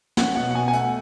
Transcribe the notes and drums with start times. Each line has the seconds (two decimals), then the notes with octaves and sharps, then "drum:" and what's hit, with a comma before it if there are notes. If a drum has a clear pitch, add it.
0.17 C#4 F#5, drum: snare
0.35 B2 F#5
0.51 F#5
0.54 B2 G#5
0.68 G#5
0.73 A3 F#5, drum: hi-hat